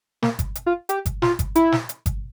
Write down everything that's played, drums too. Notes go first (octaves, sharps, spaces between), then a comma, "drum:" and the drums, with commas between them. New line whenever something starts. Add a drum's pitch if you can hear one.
A#3, drum: snare
drum: kick G1, hi-hat
drum: hi-hat
F4
G4, drum: hi-hat
drum: kick G1, hi-hat
F4, drum: snare
drum: kick G1, hi-hat
E4, drum: hi-hat
drum: snare
drum: hi-hat
drum: kick G1, hi-hat